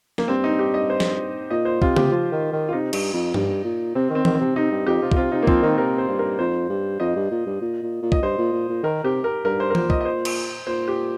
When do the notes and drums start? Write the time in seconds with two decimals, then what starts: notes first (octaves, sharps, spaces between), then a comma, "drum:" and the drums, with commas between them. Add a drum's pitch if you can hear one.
0.18 A#3, drum: snare
0.28 G2 C4
0.44 D#4
0.59 G4
0.74 D#5
0.90 C5
1.00 drum: snare
1.51 A#2 D#5
1.65 C5
1.82 C3 F4, drum: kick
1.96 G4, drum: tom C#3
2.11 F3 F4
2.32 D#3
2.52 D#3
2.69 F4
2.73 C3 D#4
2.93 G2, drum: cymbal
3.13 F2
3.34 G2, drum: tom G2
3.64 A#2
3.95 C3 C4
4.10 D#3
4.15 C4
4.25 D#3, drum: tom E3
4.35 C4
4.41 C3
4.56 C3 D#4
4.71 G2
4.87 F2 G4
5.02 C3 F4
5.12 A#2, drum: kick
5.16 C3 F4
5.32 C3 D#4
5.43 A#3
5.47 F3 C4, drum: kick
5.63 D#3 D#4
5.78 C3 A#4
5.98 C5
6.08 G2
6.19 A#4
6.39 F2 C5
6.69 G2
7.00 F2 D#5
7.16 G2
7.31 A#2
7.46 G2
7.61 A#2
7.82 A#2
8.02 A#2
8.12 D#5, drum: kick
8.22 G2 C5
8.38 A#2
8.53 A#2
8.69 A#2
8.83 D#3 A#4
9.04 C3 G4
9.24 A#4
9.45 G2 A#4
9.60 C5
9.70 A#4
9.75 A#2 C5, drum: tom E3
9.90 D#5, drum: kick
10.01 D#5
10.05 C5
10.25 drum: cymbal
10.67 A#2 C5
10.88 G4